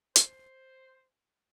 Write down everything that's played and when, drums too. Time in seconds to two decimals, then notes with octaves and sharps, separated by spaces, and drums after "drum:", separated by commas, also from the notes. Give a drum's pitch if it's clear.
0.16 C5, drum: hi-hat